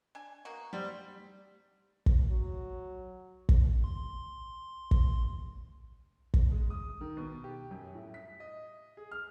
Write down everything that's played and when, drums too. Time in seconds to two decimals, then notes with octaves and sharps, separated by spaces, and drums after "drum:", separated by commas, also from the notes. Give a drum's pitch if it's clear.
0.15 D4 G#5
0.45 B2 A#3 F#4
0.73 G3 C4
2.06 drum: kick
2.31 F#3
3.49 drum: kick
3.84 C6
4.91 drum: kick
6.34 drum: kick
6.51 G#3
6.70 D#6
7.01 D#3
7.17 B2
7.44 G4
7.71 F#2
7.95 A2
8.14 B6
8.40 D#5
8.97 G#4
9.11 F6